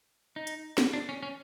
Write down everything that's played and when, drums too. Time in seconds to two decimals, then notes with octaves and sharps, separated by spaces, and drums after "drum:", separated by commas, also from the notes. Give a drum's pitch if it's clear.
0.36 D#4
0.47 drum: hi-hat
0.78 drum: snare
0.93 D4
1.09 C#4
1.23 C#4